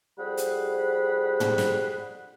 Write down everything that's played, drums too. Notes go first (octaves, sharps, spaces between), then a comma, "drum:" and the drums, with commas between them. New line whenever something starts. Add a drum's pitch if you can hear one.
F2 G3 G#4 C5 F#5 B5
drum: hi-hat
drum: tom
drum: snare